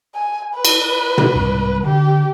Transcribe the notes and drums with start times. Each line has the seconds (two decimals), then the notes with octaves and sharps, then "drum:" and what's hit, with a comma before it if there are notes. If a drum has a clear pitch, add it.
0.15 G#5
0.54 B4
0.65 drum: cymbal
1.18 drum: tom
1.35 C2 G#2
1.84 D3 G4